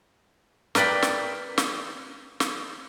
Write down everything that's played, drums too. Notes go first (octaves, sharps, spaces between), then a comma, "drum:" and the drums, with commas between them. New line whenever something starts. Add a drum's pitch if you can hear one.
A#4 B4 D5 G5 B5, drum: snare
drum: snare
drum: snare
drum: snare